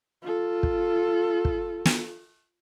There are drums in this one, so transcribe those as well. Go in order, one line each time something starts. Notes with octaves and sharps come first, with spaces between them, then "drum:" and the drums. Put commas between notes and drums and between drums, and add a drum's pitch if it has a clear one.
F4 A4
drum: kick
drum: kick
drum: snare